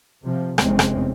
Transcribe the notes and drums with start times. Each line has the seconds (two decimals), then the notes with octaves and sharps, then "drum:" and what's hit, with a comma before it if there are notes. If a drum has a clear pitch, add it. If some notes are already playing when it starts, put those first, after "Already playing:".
0.25 C3 F3
0.58 F1 E2 C3 G#3 C4 C#4, drum: rim click
0.79 drum: rim click